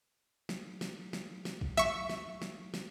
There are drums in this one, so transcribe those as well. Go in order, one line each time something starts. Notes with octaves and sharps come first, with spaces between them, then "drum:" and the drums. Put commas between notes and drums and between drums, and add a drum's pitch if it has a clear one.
drum: snare
drum: snare
drum: snare
drum: snare
drum: kick
E5 C#6, drum: snare
drum: snare
drum: snare
drum: snare